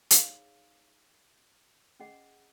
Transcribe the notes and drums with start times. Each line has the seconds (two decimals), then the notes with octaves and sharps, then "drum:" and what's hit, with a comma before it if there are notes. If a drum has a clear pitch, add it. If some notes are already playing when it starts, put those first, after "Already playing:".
0.11 D#4 G#4 C#5 F5, drum: hi-hat
2.00 C#4 G#4 D#5 F#5